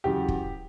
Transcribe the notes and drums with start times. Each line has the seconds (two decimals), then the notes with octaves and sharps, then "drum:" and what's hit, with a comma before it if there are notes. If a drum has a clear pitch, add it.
0.04 E2 C#3 F#3 G4
0.28 drum: kick